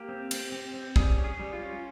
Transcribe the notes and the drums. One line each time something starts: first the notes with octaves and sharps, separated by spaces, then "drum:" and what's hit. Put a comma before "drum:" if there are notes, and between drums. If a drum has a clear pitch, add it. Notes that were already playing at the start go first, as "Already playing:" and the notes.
Already playing: A#3 G4
C4
C4, drum: cymbal
C4
C4
G3 G#4, drum: kick
C#4
G#4
G3
F4
C#4